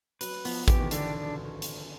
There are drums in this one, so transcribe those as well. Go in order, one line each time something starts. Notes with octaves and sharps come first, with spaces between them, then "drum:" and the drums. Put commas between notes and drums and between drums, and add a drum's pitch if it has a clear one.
F#3 B4, drum: hi-hat
F3 B3, drum: open hi-hat
E3 G4, drum: kick A1, hi-hat
D#3
D3 D4, drum: hi-hat
drum: hi-hat